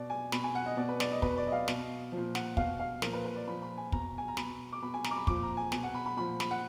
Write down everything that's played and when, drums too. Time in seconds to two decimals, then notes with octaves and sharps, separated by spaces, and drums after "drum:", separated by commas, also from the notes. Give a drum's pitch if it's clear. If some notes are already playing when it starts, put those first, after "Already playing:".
Already playing: B2 D5
0.10 G#5
0.32 B2 B5, drum: snare
0.44 G#5
0.55 F#5
0.66 D#5
0.77 B2 D5
0.89 B4
1.00 D5, drum: snare
1.11 D#5
1.22 B2 B4, drum: kick
1.37 D5
1.47 D#5
1.52 F5
1.68 B2, drum: snare
2.12 A#2 F3
2.35 F#5, drum: snare
2.57 B2 F5, drum: kick
2.80 F5
3.02 A#2 F3 A#4, drum: snare
3.13 B4
3.25 B4
3.36 D5
3.47 A#2 F3 B5
3.62 B5
3.77 G#5
3.92 B2 A#5, drum: kick
4.18 G#5
4.28 A#5
4.37 B2 B5, drum: snare
4.72 D6
4.82 B2 B5
4.94 G#5
5.04 A#5, drum: snare
5.11 D6
5.16 B5
5.27 A#2 F3 D6, drum: kick
5.43 A#5
5.57 G#5
5.72 B2 G#5, drum: snare
5.83 F#5
5.95 B5
6.06 B5
6.17 A#2 F3 B5
6.40 B5, drum: snare
6.51 F#5